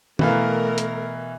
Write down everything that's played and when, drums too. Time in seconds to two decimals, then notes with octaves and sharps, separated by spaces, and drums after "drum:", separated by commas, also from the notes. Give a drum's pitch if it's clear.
0.19 B2 E3 A3 A#4 F5, drum: tom
0.78 drum: hi-hat